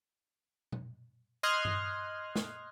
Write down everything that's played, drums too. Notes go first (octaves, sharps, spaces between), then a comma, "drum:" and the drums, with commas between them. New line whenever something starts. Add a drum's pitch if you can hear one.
drum: tom B2
D#5 C6 D#6 F6 F#6 G#6, drum: tambourine
drum: tom G2
drum: snare